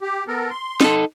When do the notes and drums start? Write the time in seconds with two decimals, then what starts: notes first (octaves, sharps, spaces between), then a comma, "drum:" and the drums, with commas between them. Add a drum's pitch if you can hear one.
0.01 G4
0.28 B3 A4 A#4
0.51 C6
0.81 D#4 A4, drum: snare